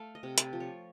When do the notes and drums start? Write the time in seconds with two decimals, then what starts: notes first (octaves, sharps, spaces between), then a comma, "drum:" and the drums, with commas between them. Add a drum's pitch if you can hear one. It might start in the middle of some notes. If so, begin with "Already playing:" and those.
Already playing: A3 F5
0.15 D#5
0.23 C3
0.38 D5, drum: hi-hat
0.53 F3
0.60 C#5